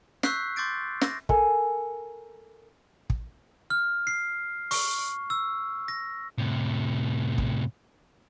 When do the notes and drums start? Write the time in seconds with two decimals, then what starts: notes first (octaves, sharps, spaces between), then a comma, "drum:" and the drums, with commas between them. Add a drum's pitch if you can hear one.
0.23 C#6 E6 F#6 G6 B6 C7, drum: snare
0.56 C6 D6 G6 A6 D7
1.01 A#6, drum: snare
1.29 A4 A#4 G#5, drum: kick
3.10 drum: kick
3.70 F6
4.07 C7
4.71 C#6, drum: open hi-hat
5.30 E6
5.88 A#6
6.38 A2 C3
7.38 drum: kick